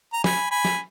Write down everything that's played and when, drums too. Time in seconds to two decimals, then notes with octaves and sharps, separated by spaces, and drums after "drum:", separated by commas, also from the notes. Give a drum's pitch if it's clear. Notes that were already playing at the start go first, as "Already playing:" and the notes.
0.13 A#5
0.24 G#5 B5, drum: snare
0.51 G#5 B5
0.65 drum: snare